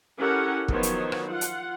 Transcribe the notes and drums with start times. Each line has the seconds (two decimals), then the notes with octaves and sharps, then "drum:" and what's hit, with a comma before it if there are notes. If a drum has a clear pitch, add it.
0.18 C#4 E4 G4 A4 A#4 F#5
0.68 D#3 F3 F#3 B3 C5 C#5, drum: kick
0.83 drum: hi-hat
1.12 drum: rim click
1.28 F4 F#5
1.41 drum: hi-hat